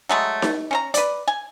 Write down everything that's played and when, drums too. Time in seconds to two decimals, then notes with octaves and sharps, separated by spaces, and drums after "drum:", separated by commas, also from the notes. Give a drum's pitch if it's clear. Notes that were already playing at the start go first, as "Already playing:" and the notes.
0.09 F#3 G#3 A3
0.42 drum: snare D#4
0.71 C#4 C5 A#5
0.94 B4 D5, drum: hi-hat
1.28 G#5